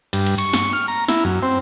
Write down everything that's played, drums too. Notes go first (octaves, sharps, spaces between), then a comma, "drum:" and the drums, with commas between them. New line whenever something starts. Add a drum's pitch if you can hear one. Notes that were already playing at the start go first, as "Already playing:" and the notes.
G2, drum: cymbal
drum: cymbal
C#6, drum: cymbal
drum: snare
F6
A#5
E4, drum: snare
F#2
C4